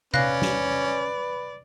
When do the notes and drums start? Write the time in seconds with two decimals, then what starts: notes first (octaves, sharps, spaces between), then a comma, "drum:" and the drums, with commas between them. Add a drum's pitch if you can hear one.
0.14 C#4 B4 D5 F5 F#6 A#6, drum: tom C3
0.42 drum: snare